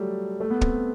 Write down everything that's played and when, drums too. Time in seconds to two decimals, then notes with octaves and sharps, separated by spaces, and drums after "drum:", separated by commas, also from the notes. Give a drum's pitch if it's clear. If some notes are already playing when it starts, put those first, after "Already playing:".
Already playing: F#3 G3 A3
0.40 A3
0.50 B3
0.61 C4, drum: kick